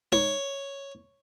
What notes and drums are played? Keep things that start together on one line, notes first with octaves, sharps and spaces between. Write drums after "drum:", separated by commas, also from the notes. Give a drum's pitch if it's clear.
C#5, drum: tom D#4